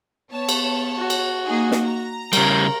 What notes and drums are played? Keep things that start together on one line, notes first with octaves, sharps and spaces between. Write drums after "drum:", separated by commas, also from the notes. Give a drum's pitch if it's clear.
B3 C#5 A5
drum: cymbal
F#4
drum: cymbal
A#3 D#4 G#4
drum: snare
A#5
C#3 G3 A#4, drum: cymbal